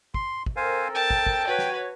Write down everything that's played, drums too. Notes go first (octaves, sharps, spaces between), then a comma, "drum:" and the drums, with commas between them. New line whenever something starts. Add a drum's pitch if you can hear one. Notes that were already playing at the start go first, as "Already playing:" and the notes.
C6, drum: kick
drum: kick
C4 A4 A#4 C5 F5 G#5
G5 A5
drum: kick
drum: kick
F#4 B4 C#5
drum: snare